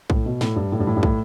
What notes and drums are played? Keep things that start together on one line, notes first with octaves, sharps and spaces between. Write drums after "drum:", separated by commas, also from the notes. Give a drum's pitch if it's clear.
A2, drum: kick
B2
A2, drum: snare
G2
A2
G2
A2
G2
A2, drum: kick